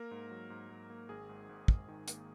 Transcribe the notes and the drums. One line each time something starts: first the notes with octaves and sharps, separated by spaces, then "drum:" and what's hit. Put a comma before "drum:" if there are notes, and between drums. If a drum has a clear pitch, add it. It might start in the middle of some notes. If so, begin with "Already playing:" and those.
Already playing: A#3 A#4
G#2
F#3
G#2
G#2
A#3
G#1 G#4
G#2
G#2
G#2, drum: kick
D#3
A#3, drum: hi-hat